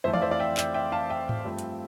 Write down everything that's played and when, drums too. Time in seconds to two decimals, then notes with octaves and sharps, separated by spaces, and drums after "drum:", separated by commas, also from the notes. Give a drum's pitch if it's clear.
0.04 F2 E3 A3 C4 C5 E5
0.13 D5 F5, drum: tom E3
0.22 C5 E5
0.31 D5 F5
0.40 E5 G5
0.57 E5 G5, drum: clap
0.74 E5 G5
0.92 F5 A5
1.10 E5 G5
1.29 drum: tom G#2
1.45 G2 F3 A3 C4
1.59 drum: hi-hat